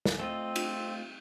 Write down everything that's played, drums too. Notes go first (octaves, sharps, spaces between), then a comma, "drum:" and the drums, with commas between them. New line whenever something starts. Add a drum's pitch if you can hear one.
drum: snare
A3 C4 F4 D#5
drum: cymbal